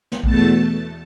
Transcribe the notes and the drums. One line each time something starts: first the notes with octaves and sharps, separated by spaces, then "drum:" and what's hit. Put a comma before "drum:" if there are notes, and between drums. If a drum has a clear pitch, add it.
drum: snare
E2 B2 A3 A5, drum: kick